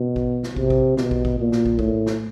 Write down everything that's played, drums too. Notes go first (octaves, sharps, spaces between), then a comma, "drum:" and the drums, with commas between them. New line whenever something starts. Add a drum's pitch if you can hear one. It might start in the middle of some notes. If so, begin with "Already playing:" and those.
Already playing: B2
drum: kick
drum: snare
C3, drum: kick
drum: kick
B2, drum: snare
drum: kick
drum: kick
A#2
drum: snare
drum: kick
A2, drum: kick
drum: snare